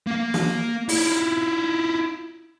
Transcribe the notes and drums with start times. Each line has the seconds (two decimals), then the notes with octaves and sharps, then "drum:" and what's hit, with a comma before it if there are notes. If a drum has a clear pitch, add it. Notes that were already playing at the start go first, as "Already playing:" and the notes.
0.07 A#3 F5
0.34 drum: snare
0.89 E4 F4, drum: open hi-hat